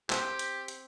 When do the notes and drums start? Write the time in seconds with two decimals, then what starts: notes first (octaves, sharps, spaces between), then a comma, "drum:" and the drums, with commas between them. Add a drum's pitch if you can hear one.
0.10 C4 G4, drum: clap
0.39 drum: hi-hat
0.68 drum: hi-hat